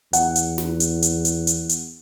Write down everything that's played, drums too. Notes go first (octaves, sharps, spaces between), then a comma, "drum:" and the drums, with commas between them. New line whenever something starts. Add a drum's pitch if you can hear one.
E2 F#5, drum: hi-hat
drum: hi-hat
drum: snare
drum: hi-hat
drum: hi-hat
drum: hi-hat
drum: hi-hat
drum: hi-hat